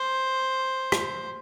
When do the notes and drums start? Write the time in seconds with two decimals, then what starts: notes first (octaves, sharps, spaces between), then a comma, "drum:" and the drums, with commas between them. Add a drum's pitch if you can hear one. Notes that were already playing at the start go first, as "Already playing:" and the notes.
Already playing: C5
0.92 drum: rim click